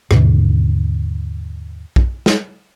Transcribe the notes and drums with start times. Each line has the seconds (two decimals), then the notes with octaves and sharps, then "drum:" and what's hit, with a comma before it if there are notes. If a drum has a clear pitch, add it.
0.11 D#2 G#2 B2 D3, drum: rim click
1.96 drum: kick
2.26 drum: snare